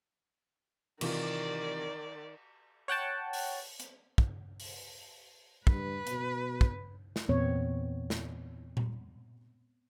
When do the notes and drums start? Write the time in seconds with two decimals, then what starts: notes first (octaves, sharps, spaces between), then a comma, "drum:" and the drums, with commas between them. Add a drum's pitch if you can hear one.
1.01 C3 D#3 E3 F4 D5, drum: cymbal
2.88 C#5 F#5 G5 A5
3.33 drum: open hi-hat
3.80 drum: hi-hat
4.18 drum: kick
4.60 drum: open hi-hat
5.67 G2 B4, drum: kick
6.07 B2, drum: hi-hat
6.61 drum: kick
7.16 drum: snare
7.29 E2 A#2 B3 C4 C#5
8.10 drum: snare
8.77 drum: tom A#2